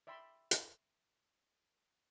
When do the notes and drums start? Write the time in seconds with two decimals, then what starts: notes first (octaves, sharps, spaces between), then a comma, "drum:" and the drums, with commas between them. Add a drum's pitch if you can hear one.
0.07 D5 E5 G5 B5 C6
0.51 drum: hi-hat